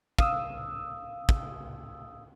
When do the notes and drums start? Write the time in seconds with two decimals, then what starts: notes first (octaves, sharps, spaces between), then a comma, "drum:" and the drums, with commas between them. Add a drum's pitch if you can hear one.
0.19 F5 D#6 E6, drum: kick
1.29 drum: kick